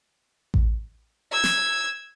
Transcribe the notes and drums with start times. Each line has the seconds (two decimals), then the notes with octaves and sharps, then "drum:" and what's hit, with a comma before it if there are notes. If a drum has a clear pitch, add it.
0.54 drum: kick A1
1.32 E6 G#6
1.44 drum: snare